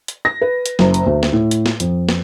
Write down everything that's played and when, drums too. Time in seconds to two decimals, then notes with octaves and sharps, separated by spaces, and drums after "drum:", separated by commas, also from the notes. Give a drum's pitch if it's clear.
0.08 drum: hi-hat
0.25 A#6
0.41 B4
0.66 drum: hi-hat
0.79 F#1, drum: snare
0.94 drum: hi-hat
1.06 D2
1.23 drum: snare
1.33 A2
1.51 drum: hi-hat
1.66 drum: snare
1.80 F2, drum: hi-hat
2.09 drum: snare